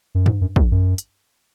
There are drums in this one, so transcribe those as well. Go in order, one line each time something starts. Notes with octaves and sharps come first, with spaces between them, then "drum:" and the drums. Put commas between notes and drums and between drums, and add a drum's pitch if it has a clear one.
F#2
G2, drum: tom G2
F#2
E2, drum: kick
F#2
drum: hi-hat